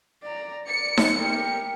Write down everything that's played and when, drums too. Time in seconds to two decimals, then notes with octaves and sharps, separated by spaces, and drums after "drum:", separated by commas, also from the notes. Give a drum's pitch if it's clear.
0.23 D5 A#5
0.68 D5 C#7
0.97 drum: snare D#4
1.20 G4 A#4